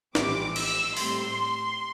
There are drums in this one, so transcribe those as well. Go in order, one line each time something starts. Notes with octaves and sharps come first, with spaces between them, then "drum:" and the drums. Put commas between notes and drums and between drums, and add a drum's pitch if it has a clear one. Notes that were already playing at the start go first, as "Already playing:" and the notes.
A#1 A2 E3 G3 C4 D6, drum: snare
E6, drum: cymbal
A2 G3 C4 C6, drum: open hi-hat